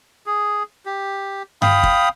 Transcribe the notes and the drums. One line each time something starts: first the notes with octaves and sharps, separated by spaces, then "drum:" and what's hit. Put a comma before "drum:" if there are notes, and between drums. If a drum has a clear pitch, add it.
G#4
G4
F5 G5 B5 D#6, drum: tom G2
drum: kick